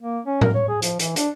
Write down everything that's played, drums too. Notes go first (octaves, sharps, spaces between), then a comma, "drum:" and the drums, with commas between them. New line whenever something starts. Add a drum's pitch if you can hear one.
A#3
C#4
A#4, drum: tom A2
C#5
G#4
F3, drum: hi-hat
E3, drum: hi-hat
D4, drum: hi-hat